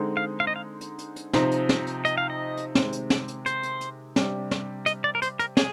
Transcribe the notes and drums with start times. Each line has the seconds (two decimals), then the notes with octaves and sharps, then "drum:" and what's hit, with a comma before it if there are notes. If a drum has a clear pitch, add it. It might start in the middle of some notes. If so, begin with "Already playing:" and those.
Already playing: D3 G#3 C4 D#4
0.17 F5
0.40 F5
0.47 D#5
0.56 F5
0.81 drum: hi-hat
0.99 drum: hi-hat
1.16 drum: hi-hat
1.33 C3 F3 C4 D#4, drum: snare
1.51 drum: hi-hat
1.69 drum: snare
1.87 drum: hi-hat
2.05 D#5, drum: hi-hat
2.18 F5
2.30 D#5
2.57 drum: hi-hat
2.75 C3 D#3 G#3 C4, drum: snare
2.93 drum: hi-hat
3.10 drum: snare
3.28 drum: hi-hat
3.46 C5, drum: hi-hat
3.63 drum: hi-hat
3.81 drum: hi-hat
4.16 C3 G3 D4, drum: snare
4.51 drum: snare
4.86 D#5, drum: hi-hat
5.04 D5
5.15 A#4
5.22 C5, drum: hi-hat
5.39 A#4, drum: hi-hat
5.57 G#4, drum: snare